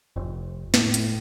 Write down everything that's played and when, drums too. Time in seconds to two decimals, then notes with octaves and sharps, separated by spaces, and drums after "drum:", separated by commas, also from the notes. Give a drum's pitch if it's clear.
0.16 F1
0.74 A2, drum: snare
0.94 drum: hi-hat